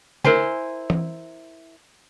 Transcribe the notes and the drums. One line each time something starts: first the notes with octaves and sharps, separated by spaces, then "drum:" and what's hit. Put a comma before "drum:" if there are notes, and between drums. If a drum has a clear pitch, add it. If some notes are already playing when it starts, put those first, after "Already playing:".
E4 A#4 C5 G#5, drum: snare
drum: tom E3